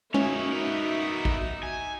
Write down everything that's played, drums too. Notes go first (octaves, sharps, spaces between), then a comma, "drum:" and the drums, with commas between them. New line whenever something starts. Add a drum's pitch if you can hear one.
G#3 A#3 C#4 D#4 F#4 C#5 E5, drum: tom G#3
B3 A#4
drum: kick
G#5